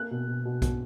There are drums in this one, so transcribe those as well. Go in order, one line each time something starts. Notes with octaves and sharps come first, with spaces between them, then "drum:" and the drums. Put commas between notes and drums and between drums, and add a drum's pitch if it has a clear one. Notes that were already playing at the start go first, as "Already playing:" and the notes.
Already playing: A#3 F#6
B2
B2
B2
B2, drum: kick B1, hi-hat